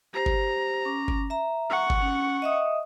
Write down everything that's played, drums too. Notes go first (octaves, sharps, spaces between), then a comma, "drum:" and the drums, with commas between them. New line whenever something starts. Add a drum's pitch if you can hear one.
G4 C5 A#5
drum: kick G1
C#4 D6
drum: kick G1
E5 A#5
F#5 C#6
drum: kick G1
C#4
D#5 E5 D#6